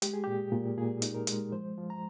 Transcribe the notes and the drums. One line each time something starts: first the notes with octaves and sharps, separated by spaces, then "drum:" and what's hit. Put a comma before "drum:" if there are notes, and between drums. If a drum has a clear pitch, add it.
G#3 G4, drum: hi-hat
G#4
A#2 G4
A#2
A#2 G#4
D#4, drum: hi-hat
A#4
G#3, drum: hi-hat
F3 C5
F3
A#5